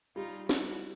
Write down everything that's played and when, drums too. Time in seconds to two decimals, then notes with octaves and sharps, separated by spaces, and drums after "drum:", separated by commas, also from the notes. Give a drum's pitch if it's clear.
0.16 G3 D#4 F4
0.49 E4 F#4, drum: snare